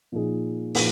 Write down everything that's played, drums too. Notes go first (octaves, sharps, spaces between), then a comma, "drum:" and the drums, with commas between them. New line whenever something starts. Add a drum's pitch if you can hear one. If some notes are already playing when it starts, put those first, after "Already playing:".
A#2 F3 A#3 D#4 G#4
A#2 F3 A#3 D#4 G#4, drum: open hi-hat